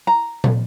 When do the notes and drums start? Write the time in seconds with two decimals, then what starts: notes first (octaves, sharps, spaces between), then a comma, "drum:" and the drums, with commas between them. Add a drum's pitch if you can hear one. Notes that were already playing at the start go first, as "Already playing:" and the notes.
0.07 A#5
0.44 drum: tom